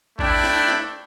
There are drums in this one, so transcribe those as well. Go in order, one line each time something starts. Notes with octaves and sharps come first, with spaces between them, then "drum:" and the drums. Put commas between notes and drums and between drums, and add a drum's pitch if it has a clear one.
A3 D4 E4 G5, drum: kick A1
drum: snare
drum: snare